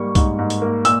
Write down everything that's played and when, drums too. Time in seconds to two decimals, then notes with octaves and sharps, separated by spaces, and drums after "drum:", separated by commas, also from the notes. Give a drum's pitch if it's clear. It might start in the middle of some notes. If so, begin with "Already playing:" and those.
Already playing: G#2 G3 A#3 C#6
0.15 G#2, drum: kick, hi-hat
0.39 G#2
0.50 drum: hi-hat
0.62 A#3
0.85 A#2 E6, drum: hi-hat